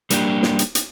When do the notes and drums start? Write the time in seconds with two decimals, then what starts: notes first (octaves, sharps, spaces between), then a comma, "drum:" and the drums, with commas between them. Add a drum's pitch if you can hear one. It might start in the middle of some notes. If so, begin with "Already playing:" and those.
0.10 G3 A#3 D4 F#4 G4, drum: hi-hat
0.43 drum: snare
0.59 drum: hi-hat
0.75 drum: hi-hat